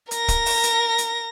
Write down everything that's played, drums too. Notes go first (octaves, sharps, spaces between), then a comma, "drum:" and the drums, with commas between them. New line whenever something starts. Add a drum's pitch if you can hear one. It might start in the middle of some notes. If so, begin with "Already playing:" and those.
A#4 A#6, drum: hi-hat
drum: kick, hi-hat
drum: open hi-hat
drum: hi-hat
drum: hi-hat